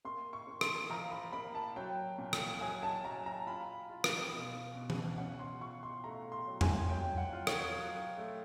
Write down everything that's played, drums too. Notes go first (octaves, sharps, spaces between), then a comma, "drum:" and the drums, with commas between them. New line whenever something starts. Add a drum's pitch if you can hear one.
A#3 C6
C#6
A#3
C6, drum: rim click
F3 A#5
B5
A#3 B5
A5
F#3 G5
A#2
drum: rim click
F#3 G#5
A5
F#3 A#5
A#5
F4 B5
F4
drum: rim click
B2
B2
drum: tom E3
C#4 F#5
C6
F4 C#6
C6
A3 A#5
C6
F#3
G#5, drum: tom E2
F#3 G5
F#5
F4
C#5, drum: rim click
F#3
A3